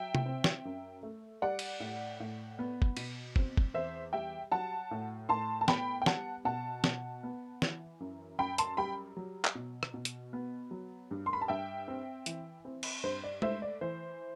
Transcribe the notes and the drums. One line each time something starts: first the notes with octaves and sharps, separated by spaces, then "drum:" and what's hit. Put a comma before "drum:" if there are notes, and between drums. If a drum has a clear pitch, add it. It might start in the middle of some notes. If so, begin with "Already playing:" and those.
Already playing: F#3 E5 G5
drum: tom C3
C4
drum: snare
F#2
A3
G3 D5 F#5
drum: cymbal
A2
A2
B3
drum: kick
B2, drum: cymbal
C4, drum: kick
drum: kick
E2 C5 E5
G3 E5 G5
F#3 F#5 A5
A2
A2 A5 C6
A5
B3 G5 B5, drum: snare
G5
G3 F#5 A5, drum: snare
B2 F#5 A5
B2, drum: snare
B3
E3, drum: snare
F#2
F#2 G5 B5
A5 C6, drum: hi-hat
G3 G5 B5
F#3
drum: clap
B2
drum: rim click
B2
drum: hi-hat
B3
F#3
G2
C6
B5
A5
G2 E5 G5
C4
E3, drum: hi-hat
C4
drum: cymbal
G2 C5
D5
A3 C5 E5, drum: tom G#3
D5
E3 C5